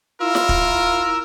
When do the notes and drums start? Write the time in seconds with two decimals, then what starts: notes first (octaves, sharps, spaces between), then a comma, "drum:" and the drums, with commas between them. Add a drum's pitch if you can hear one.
0.21 E4 F4 A#4 E6
0.35 drum: snare
0.49 drum: kick